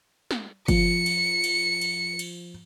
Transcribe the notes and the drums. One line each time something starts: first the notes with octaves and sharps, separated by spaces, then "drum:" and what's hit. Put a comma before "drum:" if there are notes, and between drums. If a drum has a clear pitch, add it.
drum: snare
F3 C#7, drum: kick, cymbal
drum: cymbal
drum: cymbal
drum: cymbal
drum: cymbal